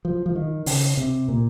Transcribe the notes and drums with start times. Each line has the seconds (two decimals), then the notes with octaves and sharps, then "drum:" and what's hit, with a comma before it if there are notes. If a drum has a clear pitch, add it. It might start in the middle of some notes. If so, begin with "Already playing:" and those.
0.05 F3
0.26 F3
0.36 D#3
0.66 C#3, drum: open hi-hat
0.97 C3
1.28 A#2